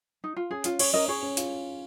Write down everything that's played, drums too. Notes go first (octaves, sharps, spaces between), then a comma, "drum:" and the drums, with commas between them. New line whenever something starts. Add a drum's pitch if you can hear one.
D#4
F4
C#4 G#4
C#4 F4, drum: hi-hat
C#4 G#4 C#5, drum: cymbal
C#4 A#4 D#5
C#4 G#4 C#5
C#4
F4, drum: hi-hat